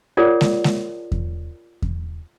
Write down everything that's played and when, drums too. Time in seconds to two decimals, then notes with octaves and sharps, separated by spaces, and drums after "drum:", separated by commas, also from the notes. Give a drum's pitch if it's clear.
0.17 F4 G#4 A#4 C#5 D5 F#5
0.41 drum: snare G#3
0.64 drum: snare G#3
1.12 drum: kick E2
1.82 drum: kick E2